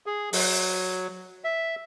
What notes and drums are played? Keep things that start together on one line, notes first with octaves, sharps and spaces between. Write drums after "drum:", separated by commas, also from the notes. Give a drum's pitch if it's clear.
G#4
F#3, drum: open hi-hat
E5